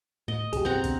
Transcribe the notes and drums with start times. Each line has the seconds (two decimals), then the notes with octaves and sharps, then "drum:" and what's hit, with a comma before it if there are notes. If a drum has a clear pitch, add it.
0.28 A2 D#5
0.53 F#2 B2 G4 G#4, drum: kick, hi-hat
0.65 C4 F#5 A#5
0.84 B2 D3 B3, drum: kick, hi-hat